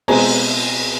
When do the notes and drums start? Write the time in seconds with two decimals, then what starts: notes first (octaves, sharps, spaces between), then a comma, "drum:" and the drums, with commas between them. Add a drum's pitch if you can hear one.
0.08 B2 G#3 C4 G#5 A#5, drum: cymbal